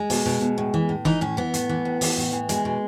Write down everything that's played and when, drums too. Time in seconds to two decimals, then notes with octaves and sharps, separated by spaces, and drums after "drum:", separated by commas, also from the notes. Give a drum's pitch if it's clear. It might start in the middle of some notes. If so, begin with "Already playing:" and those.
Already playing: G#3
0.10 B2, drum: open hi-hat
0.26 B2
0.41 B2
0.58 A2
0.74 E3
0.89 A2
1.05 E3 D#4, drum: snare
1.21 A2 C#4
1.37 E3 B3
1.54 A2, drum: hi-hat
1.69 E3
1.85 A2
2.01 E3, drum: open hi-hat
2.17 A2
2.33 E3
2.49 B2 G#3, drum: hi-hat
2.65 B2